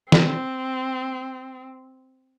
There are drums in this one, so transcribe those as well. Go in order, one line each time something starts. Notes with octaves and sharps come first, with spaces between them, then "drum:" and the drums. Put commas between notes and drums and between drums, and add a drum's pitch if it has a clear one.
C4, drum: snare